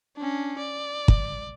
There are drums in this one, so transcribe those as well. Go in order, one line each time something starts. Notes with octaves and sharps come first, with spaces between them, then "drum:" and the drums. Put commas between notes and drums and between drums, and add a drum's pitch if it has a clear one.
C#4 D4
D5
drum: kick